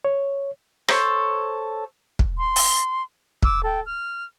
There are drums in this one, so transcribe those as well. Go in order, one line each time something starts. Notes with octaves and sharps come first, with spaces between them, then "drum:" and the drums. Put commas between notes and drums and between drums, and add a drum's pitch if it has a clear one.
C#5
A4 C5 C#5, drum: rim click
drum: kick
C6
drum: open hi-hat
D6 E6, drum: kick
A4 G5
F6